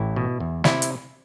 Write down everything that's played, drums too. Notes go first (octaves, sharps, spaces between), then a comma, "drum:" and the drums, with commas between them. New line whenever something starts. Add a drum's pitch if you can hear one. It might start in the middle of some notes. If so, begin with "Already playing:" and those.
Already playing: A1 E4
B2
E2
C3 E4, drum: snare
drum: hi-hat